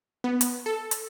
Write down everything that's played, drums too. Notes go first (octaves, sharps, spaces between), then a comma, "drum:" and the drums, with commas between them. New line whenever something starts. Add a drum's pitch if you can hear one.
B3
drum: hi-hat
A4
drum: hi-hat